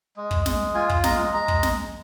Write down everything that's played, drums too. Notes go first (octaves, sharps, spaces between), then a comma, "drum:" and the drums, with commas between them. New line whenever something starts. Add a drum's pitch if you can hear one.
G#3
drum: kick
G#3, drum: snare
F4 G#5
drum: kick
G#3 A#5, drum: snare
G#3 A#5
drum: kick
drum: snare